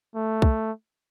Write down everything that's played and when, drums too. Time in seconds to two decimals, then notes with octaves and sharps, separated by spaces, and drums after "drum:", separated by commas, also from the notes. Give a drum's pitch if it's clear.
0.15 A3
0.42 drum: kick